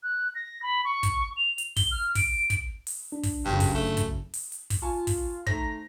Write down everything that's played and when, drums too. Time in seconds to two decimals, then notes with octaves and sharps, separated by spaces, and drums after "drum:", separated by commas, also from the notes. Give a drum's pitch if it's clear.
0.03 F#6
0.35 A#6
0.62 B5
0.85 C#6
1.03 drum: kick, hi-hat
1.37 F7
1.58 drum: hi-hat
1.76 G7, drum: kick, open hi-hat
1.91 F6
2.15 D7, drum: kick, open hi-hat
2.50 drum: kick, hi-hat
2.87 drum: open hi-hat
3.12 D4
3.23 drum: kick, open hi-hat
3.45 F#1 G2 C#3
3.60 drum: kick, open hi-hat
3.74 A3
3.97 drum: kick, hi-hat
4.34 drum: open hi-hat
4.52 drum: hi-hat
4.70 drum: kick, open hi-hat
4.82 F4 G#5 A5 C#6
5.07 drum: kick, open hi-hat
5.47 D#3 A3 C5 A#5 A#6, drum: kick